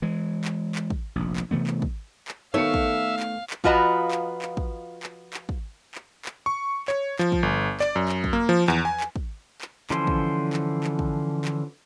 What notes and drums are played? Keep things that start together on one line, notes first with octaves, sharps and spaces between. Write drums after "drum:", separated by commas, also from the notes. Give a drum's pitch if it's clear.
E3 G#3
drum: clap
drum: clap
drum: kick
F1 A#1
drum: clap
C3 E3 A3 B3
drum: clap
drum: kick
drum: clap
D#3 A3 B3 C#5 E5 F5 C#7
drum: kick
drum: clap
drum: clap
F3 F4 F#4 B4 D#5 A#5, drum: kick
drum: clap
drum: clap
drum: kick
drum: clap
drum: clap
drum: kick
drum: clap
drum: clap
C#6
C#5, drum: clap
F3, drum: clap
drum: kick
G1
D5, drum: clap
F#2
drum: clap
drum: kick
A#3
F3
E2, drum: clap
G#5
drum: clap
drum: kick
drum: clap
D3 E3 F3 C#4 C5, drum: clap
drum: kick
drum: clap
drum: clap
drum: kick
drum: clap